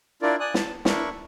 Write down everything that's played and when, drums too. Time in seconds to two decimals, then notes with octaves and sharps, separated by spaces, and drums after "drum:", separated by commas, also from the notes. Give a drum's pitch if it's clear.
0.22 D4 E4 F4 A#4 D5
0.40 D5 G#5 D#6 F#6
0.54 A5, drum: snare
0.85 D4 E4 A#4 B5 C#6, drum: snare